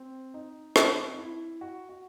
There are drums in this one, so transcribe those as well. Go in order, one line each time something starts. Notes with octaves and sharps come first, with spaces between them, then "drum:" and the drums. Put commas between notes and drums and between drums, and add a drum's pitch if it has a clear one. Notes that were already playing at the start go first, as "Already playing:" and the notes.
Already playing: C4
D#4
C4, drum: rim click
D#4
E4
F#4
F#4